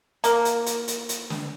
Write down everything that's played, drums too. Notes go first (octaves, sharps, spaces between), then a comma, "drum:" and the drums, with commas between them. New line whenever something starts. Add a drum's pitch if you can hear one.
A#3, drum: hi-hat
drum: hi-hat
drum: hi-hat
drum: hi-hat
drum: hi-hat
drum: snare